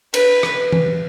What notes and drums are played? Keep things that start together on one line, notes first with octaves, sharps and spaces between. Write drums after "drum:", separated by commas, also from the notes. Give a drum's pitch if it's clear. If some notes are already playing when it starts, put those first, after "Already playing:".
B4, drum: cymbal
drum: rim click
drum: tom